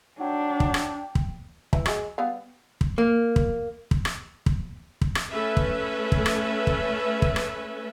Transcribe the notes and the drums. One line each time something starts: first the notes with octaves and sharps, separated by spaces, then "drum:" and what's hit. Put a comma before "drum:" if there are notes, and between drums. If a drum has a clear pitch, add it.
F#3 D4 G5
drum: kick
drum: rim click
drum: kick
E4 B4, drum: kick
F#3 G#3, drum: rim click
G3 B3 F5
drum: kick
A#3
drum: kick
drum: kick
drum: rim click
drum: kick
drum: kick
drum: rim click
A3 C#4 A4 B4 E5
drum: kick
drum: kick
drum: rim click
drum: kick
drum: kick
drum: rim click